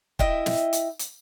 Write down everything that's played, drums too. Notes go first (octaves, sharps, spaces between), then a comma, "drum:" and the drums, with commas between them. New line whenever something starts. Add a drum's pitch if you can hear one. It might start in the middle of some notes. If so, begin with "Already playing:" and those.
E4 D#5 E5 G5, drum: kick
drum: snare
drum: hi-hat
drum: hi-hat